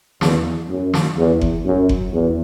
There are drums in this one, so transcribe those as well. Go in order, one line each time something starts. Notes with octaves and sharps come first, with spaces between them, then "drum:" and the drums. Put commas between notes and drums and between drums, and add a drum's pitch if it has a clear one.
E2, drum: snare
F#2
drum: snare
E2
drum: kick F#1
F#2
drum: kick F#1
E2